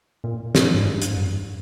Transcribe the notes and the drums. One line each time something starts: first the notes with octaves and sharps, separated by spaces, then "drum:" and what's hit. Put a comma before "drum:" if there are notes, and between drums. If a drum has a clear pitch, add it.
A#2
G2, drum: snare
G#2
G2
drum: hi-hat
G2